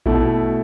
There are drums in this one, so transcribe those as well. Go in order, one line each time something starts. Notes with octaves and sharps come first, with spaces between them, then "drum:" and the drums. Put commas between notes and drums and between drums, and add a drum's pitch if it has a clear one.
B2 A3 E4, drum: kick A#1